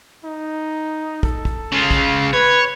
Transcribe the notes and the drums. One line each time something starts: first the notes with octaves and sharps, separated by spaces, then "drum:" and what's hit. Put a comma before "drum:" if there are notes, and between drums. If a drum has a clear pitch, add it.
D#4
A4, drum: kick
drum: kick
C#3 F4
drum: kick
B4 C#5